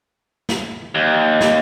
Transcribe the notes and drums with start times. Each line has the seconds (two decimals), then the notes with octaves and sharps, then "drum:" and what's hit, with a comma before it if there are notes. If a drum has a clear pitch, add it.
0.49 drum: snare
0.95 D#2
1.41 drum: snare